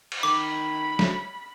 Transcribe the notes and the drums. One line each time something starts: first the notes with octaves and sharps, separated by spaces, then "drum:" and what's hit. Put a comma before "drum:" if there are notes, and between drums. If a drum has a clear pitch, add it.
drum: cymbal
D#3 B5 D6
drum: snare